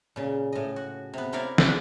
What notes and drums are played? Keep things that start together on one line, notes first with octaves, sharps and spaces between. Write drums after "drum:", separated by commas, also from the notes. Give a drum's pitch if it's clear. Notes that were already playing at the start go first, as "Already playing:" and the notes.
A#2 C#3
A2 D#5
F#4
C3 B3
C4 E4 A#4 C#5 D5 F5
G#3, drum: snare